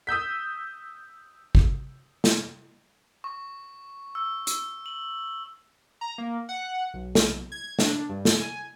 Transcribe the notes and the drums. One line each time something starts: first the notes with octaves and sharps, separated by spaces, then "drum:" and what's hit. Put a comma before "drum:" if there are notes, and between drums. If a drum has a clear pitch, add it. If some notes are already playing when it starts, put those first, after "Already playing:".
D#6 E6 G6 B6
drum: kick
drum: snare
C#6
E6
E6, drum: hi-hat
F#7
A#5
A#3
F#5
B1
drum: snare
G#6
D4, drum: snare
G2
drum: snare
G#5